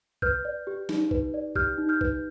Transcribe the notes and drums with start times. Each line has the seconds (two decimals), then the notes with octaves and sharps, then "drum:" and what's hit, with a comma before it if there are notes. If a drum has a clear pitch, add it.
0.22 B4 F6 G6, drum: kick A#1
0.45 D5
0.67 G4
0.89 D#4, drum: snare
1.11 B4, drum: kick A#1
1.34 D5
1.56 G4 F6 G6, drum: kick A#1
1.78 D#4
1.89 F6 G6
2.01 B4, drum: kick A#1